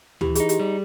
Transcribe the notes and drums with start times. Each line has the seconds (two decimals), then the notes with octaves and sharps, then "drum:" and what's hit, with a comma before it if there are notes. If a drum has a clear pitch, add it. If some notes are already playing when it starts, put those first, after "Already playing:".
0.21 E3 G4, drum: tom D2
0.35 D#4 G#4, drum: hi-hat
0.49 G4, drum: hi-hat
0.60 G3